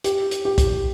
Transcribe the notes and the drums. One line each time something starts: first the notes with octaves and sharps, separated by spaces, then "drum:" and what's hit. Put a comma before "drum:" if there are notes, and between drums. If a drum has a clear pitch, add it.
G4, drum: hi-hat
drum: hi-hat
G4
drum: kick, hi-hat